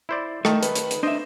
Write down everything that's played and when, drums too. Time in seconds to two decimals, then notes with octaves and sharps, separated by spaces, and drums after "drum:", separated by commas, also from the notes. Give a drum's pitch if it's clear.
0.09 E4 C5 D5
0.45 D#3 A3 A5, drum: rim click
0.63 B4, drum: hi-hat
0.75 drum: hi-hat
0.91 drum: hi-hat
1.03 D4 C5 D#5 E5